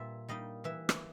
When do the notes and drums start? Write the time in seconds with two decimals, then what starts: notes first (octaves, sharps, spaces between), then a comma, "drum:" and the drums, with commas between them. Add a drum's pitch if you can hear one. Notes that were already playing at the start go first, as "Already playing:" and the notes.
Already playing: A#2 G3 A#3 E5
0.29 G3 A#3 D#4 D#5
0.64 E3 E5
0.89 drum: rim click